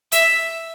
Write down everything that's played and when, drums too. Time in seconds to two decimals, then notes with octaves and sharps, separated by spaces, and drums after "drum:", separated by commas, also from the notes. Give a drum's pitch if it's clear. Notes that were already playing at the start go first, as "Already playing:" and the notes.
0.12 E5, drum: hi-hat